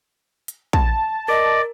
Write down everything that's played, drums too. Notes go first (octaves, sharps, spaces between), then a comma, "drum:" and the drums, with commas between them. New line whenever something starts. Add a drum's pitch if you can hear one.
drum: hi-hat
A5, drum: kick
A#4 D5 D#5